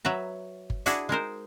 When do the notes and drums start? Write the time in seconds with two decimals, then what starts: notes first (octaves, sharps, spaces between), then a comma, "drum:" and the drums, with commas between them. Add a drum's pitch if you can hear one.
0.05 F#3 B4 E5 A#5
0.70 drum: kick G1
0.86 D4 E4 F#4 G#4 E5, drum: hi-hat
1.09 G#3 D#4 A#4 C5